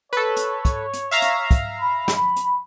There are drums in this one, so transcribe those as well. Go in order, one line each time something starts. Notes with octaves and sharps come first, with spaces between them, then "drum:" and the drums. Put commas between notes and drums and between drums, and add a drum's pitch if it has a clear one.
A4 B4 C#5
drum: hi-hat
drum: kick, hi-hat
drum: hi-hat
E5 F5 A#5
drum: hi-hat
drum: kick, hi-hat
B5
drum: snare
drum: hi-hat